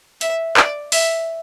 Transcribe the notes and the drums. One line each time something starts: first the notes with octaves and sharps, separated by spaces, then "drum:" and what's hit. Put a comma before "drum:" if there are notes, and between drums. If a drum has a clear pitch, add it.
E5, drum: hi-hat
D5, drum: clap
E5, drum: open hi-hat